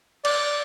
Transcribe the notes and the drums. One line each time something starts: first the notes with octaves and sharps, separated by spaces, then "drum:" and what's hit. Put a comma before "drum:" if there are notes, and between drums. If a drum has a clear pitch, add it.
D5, drum: cymbal